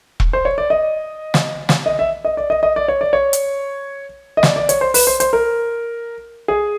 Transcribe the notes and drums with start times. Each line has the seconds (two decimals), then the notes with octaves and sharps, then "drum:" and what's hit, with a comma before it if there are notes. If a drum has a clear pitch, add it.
0.20 drum: kick E1
0.33 C5
0.45 C#5
0.58 D5
0.70 D#5
1.34 drum: snare
1.69 drum: snare
1.86 D#5
1.99 E5
2.25 D#5
2.37 D5
2.50 D#5
2.63 D#5
2.76 D5
2.88 C#5
3.01 D5
3.13 C#5
3.33 drum: hi-hat
4.37 D#5
4.43 D5, drum: snare
4.56 D5
4.69 C#5, drum: hi-hat
4.81 C5
4.94 B4, drum: open hi-hat
5.07 C5
5.20 C5, drum: hi-hat
5.33 A#4
6.48 G#4